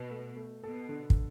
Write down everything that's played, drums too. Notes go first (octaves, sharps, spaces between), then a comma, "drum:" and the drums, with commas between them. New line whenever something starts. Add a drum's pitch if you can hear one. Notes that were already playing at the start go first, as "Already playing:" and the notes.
Already playing: B2
A3
A3
B2 A4
D3
drum: kick